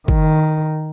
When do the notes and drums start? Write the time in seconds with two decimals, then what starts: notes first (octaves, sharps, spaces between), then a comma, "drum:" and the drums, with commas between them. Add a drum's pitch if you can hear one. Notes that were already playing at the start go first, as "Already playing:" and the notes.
0.08 D#3, drum: kick G1